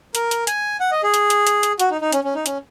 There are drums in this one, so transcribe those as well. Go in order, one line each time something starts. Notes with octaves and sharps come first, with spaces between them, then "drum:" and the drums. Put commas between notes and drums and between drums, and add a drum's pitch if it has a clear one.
A#4, drum: hi-hat
drum: hi-hat
G#5, drum: hi-hat
F#5
D#5
G#4
drum: hi-hat
drum: hi-hat
drum: hi-hat
drum: hi-hat
F#4, drum: hi-hat
D#4
D#4
C#4, drum: hi-hat
C#4
D#4
C#4, drum: hi-hat